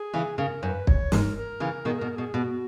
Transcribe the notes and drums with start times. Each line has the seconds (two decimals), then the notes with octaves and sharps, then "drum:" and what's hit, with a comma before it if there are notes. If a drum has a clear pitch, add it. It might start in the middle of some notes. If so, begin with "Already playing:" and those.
Already playing: G#4
0.13 C#3 E3
0.38 C#3 A#4
0.63 F#2 C#5
0.67 B4
0.87 C#5, drum: kick
1.12 G#2 A#4, drum: snare
1.37 A#4
1.60 C#3 E3
1.85 B2 D#3 G#4
1.99 B2 A#4
2.11 A#4
2.16 B2 G#4
2.34 B2 G#4
2.38 F#4